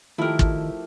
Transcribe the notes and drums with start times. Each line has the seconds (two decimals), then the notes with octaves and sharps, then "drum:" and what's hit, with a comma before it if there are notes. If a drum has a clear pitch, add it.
0.18 D#3 F3 A3 E4 G4 A#4
0.39 drum: kick